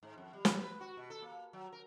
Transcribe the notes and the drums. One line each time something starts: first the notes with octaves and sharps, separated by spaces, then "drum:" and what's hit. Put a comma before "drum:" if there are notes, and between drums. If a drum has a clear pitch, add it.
G#2
F2
G3
drum: snare
B4
F#4
B2
A4
A#3
F#3
A#4